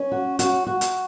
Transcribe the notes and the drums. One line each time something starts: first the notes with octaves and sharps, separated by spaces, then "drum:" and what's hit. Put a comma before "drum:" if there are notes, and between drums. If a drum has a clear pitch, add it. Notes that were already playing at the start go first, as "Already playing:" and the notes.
Already playing: C#4
F#4
F#4, drum: hi-hat
F#4
drum: hi-hat